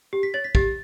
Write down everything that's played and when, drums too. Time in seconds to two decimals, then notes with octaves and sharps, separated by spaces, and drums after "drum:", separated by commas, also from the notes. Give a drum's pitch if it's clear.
0.13 G4
0.23 B6
0.34 C#5 A6
0.44 B6
0.55 G4 A6, drum: kick